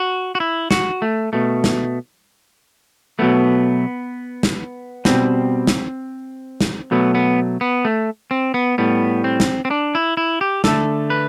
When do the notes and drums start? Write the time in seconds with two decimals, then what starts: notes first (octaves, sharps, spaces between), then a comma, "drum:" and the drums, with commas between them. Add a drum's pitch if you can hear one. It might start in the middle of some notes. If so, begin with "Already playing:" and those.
Already playing: F#4
0.35 F#4
0.40 E4
0.71 F#4, drum: snare
1.02 A3
1.33 B2 A3
1.64 drum: snare
3.19 B2 F#3 A3 B3
4.43 drum: snare
5.05 B2 G3 C4, drum: snare
5.67 drum: snare
6.61 drum: snare
6.91 B2 F#3 A3 B3
7.15 B3
7.61 B3
7.85 A3
8.31 C4
8.54 B3
8.78 A2 G3 B3
9.24 C4
9.40 drum: snare
9.65 C4
9.71 D4
9.95 E4
10.17 E4
10.41 G4
10.64 D3 A3 A4, drum: snare
11.10 B4